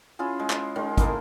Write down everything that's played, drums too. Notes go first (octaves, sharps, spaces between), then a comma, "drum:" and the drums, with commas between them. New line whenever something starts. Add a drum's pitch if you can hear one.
C#4 E4 F4 G#4
G#3
drum: clap
D#3 G#3 C#4
A3 A#3 E4 G#4, drum: kick G#1, hi-hat